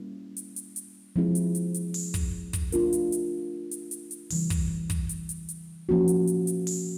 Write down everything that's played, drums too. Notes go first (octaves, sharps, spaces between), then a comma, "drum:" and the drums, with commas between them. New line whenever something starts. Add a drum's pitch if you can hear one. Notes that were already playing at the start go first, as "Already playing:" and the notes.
Already playing: G3 A#3 C#4 E4
drum: hi-hat
drum: hi-hat
drum: hi-hat
F3 G#3 C4 E4 G#4
drum: hi-hat
drum: hi-hat
drum: hi-hat
drum: open hi-hat
drum: kick, hi-hat
drum: kick, hi-hat
A3 D4 F4 A#4, drum: hi-hat
drum: hi-hat
drum: hi-hat
drum: hi-hat
drum: hi-hat
drum: hi-hat
C#3 E3 G3, drum: open hi-hat
drum: kick, hi-hat
drum: kick, hi-hat
drum: hi-hat
drum: hi-hat
drum: hi-hat
F3 A#3 C#4 F#4
drum: hi-hat
drum: hi-hat
drum: hi-hat
drum: open hi-hat